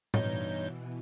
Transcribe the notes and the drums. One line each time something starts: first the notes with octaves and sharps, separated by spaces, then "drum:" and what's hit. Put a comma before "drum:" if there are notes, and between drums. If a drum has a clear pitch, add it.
G2 B2 E3 D#4 C#5 G6, drum: tom A2